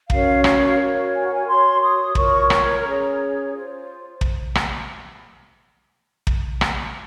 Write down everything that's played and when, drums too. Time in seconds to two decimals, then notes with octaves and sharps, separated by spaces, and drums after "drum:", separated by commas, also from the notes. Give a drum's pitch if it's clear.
0.10 C#4 F#4 A#4 C#5 F5, drum: kick
0.44 F5, drum: rim click
0.78 F#4 A#4 C#5
1.13 G#5
1.23 F#5
1.33 G#5
1.47 F#4 C#5 C6
1.81 D#6
2.15 F4 A#4 C#5 C#6, drum: kick
2.50 A#5, drum: rim click
2.84 C#4 G#4 C#5
3.53 F4 C5
4.21 drum: kick
4.55 drum: rim click
6.27 drum: kick
6.61 drum: rim click